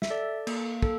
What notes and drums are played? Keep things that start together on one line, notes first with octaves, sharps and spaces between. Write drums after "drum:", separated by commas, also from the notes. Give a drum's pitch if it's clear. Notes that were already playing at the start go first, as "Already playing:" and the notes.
E5, drum: snare
A4 D5
A#3, drum: cymbal
A4, drum: kick